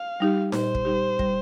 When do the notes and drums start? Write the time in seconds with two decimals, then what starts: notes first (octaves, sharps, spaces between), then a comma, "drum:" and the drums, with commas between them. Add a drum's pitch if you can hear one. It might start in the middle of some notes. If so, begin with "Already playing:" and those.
Already playing: F5
0.20 G3 D#4 G4
0.52 A#2 C5, drum: snare D#4
0.75 drum: kick
0.85 G3 D#4 G4
1.19 G3, drum: kick